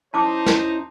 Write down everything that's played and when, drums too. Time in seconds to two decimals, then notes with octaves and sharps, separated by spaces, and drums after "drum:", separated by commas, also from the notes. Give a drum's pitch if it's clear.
0.14 C#4 D#4 E4 C5 A5 D6
0.46 drum: snare